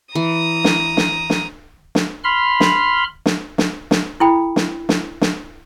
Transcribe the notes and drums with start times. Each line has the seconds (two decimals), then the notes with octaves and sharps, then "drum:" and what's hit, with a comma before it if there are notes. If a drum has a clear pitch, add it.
0.15 E3 A#5 D#6
0.64 drum: snare
0.97 drum: snare
1.30 drum: snare
1.95 drum: snare
2.24 B5 C6 F6
2.60 drum: snare
3.26 drum: snare
3.58 drum: snare
3.91 drum: snare
4.20 E4 A4 G5 B5
4.56 drum: snare
4.89 drum: snare
5.21 drum: snare